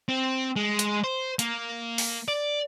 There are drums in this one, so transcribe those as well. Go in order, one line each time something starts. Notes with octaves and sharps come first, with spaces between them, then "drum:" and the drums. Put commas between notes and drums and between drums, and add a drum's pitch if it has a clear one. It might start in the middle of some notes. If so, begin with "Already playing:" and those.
C4
G#3
drum: hi-hat
C5
A#3, drum: hi-hat
drum: open hi-hat
D5